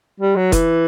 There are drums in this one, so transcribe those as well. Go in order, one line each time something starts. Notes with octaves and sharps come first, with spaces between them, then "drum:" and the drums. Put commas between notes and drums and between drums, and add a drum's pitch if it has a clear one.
G3
F#3
E3, drum: kick F1, hi-hat